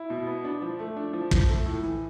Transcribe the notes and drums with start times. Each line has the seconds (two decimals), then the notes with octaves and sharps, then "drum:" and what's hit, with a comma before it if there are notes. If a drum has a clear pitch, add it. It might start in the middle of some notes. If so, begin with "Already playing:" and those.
Already playing: E4
0.10 B2
0.27 B3
0.44 D4
0.62 F3
0.79 A3
0.96 D4
1.13 F3
1.31 F3, drum: kick
1.48 A3
1.66 A2
1.83 E3